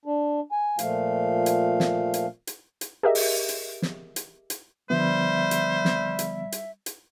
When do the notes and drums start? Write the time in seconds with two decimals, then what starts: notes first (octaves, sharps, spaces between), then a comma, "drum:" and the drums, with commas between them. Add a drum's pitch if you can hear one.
0.06 D4
0.52 G#5
0.79 A#2 F3 A3 F5, drum: hi-hat
1.46 drum: hi-hat
1.80 drum: snare
2.14 drum: hi-hat
2.47 drum: hi-hat
2.81 drum: hi-hat
3.03 G4 G#4 A#4 D#5 E5
3.15 drum: open hi-hat
3.49 drum: hi-hat
3.82 drum: snare
4.16 drum: hi-hat
4.50 drum: hi-hat
4.90 D3 F3 G3 B3 C5 E5
5.51 drum: hi-hat
5.85 drum: snare
6.19 drum: hi-hat
6.52 drum: hi-hat
6.86 drum: hi-hat